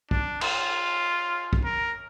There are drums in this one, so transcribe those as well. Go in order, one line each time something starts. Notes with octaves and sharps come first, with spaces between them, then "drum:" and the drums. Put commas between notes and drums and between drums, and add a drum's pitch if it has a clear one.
D4, drum: kick
F4, drum: cymbal
drum: kick
A#4